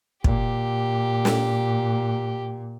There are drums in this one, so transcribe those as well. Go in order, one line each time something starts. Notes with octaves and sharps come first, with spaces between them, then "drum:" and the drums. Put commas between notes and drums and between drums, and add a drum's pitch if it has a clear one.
A#2 G4, drum: kick
drum: snare